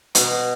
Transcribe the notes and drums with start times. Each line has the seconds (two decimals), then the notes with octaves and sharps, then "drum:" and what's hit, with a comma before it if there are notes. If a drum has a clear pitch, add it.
0.15 B2, drum: hi-hat